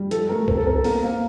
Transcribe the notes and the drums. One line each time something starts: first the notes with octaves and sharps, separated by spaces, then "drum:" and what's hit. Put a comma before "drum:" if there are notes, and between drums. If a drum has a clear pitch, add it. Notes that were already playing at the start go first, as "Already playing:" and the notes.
Already playing: G3
F3 A4, drum: hi-hat
A3 A#4
C4 A#4, drum: kick B1
A4
C4 A#4
A4
A#3 A#4, drum: open hi-hat
A#3